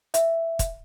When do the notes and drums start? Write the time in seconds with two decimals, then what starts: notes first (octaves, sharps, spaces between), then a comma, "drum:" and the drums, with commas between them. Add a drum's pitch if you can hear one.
0.14 E5, drum: hi-hat
0.59 drum: kick, hi-hat